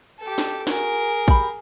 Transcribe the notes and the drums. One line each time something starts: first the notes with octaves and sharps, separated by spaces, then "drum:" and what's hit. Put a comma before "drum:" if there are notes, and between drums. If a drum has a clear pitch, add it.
G4 A4
drum: snare
F#4 G#4 A#4, drum: snare
G4 B5, drum: kick